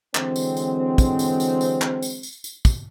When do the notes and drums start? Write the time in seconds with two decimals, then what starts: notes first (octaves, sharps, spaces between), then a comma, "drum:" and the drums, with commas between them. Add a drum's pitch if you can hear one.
0.15 D3 E3 F#3 G#3 C4, drum: clap
0.36 drum: tambourine
0.57 drum: tambourine
0.98 drum: kick, tambourine
1.19 drum: tambourine
1.40 drum: tambourine
1.61 drum: tambourine
1.82 drum: clap
2.02 drum: tambourine
2.23 drum: tambourine
2.44 drum: tambourine
2.65 drum: kick, tambourine